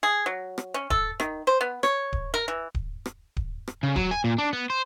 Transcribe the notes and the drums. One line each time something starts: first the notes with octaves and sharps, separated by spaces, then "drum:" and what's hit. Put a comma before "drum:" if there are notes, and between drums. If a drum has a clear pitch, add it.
G#4
F#3
drum: rim click
C#4
A4, drum: kick D1
D#3, drum: rim click
C5
B3
C#5, drum: rim click
drum: kick D1
A#4
E3
drum: kick D1
drum: rim click
drum: kick D1
drum: rim click
C#3
F#3, drum: kick D1
G#5
A#2
D4
B3
C5